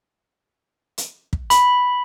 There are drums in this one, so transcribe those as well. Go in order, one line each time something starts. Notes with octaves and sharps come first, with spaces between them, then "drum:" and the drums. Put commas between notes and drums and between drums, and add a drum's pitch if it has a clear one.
drum: hi-hat
drum: kick
B5, drum: hi-hat